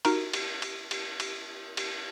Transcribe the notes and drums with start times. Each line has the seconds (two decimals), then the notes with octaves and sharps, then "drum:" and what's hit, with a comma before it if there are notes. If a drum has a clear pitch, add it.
0.05 D#4 F#4 A#4 A#5, drum: cymbal
0.33 drum: cymbal
0.62 drum: cymbal
0.91 drum: cymbal
1.20 drum: cymbal
1.77 drum: cymbal